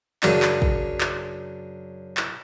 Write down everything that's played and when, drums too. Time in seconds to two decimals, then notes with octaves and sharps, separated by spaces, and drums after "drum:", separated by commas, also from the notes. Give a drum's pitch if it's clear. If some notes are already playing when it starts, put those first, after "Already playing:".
0.23 F#2 C#3 F#3 D4, drum: clap
0.42 drum: clap
0.62 drum: kick
1.01 drum: clap
2.17 drum: clap